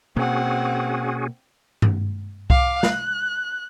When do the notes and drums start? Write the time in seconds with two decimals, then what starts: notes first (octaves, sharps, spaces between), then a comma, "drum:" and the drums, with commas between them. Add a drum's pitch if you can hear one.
0.16 B2 A#3 C4 C#4 F#4 G#4 F#5
1.82 drum: tom G2
2.50 F5 D6, drum: kick C2
2.83 F#6, drum: snare